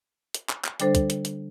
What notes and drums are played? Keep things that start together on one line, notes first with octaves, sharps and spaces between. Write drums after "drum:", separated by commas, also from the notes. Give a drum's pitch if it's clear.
drum: hi-hat
drum: clap
drum: clap
D3 G3 D4 A4 C5, drum: hi-hat
drum: kick, hi-hat
drum: hi-hat
drum: hi-hat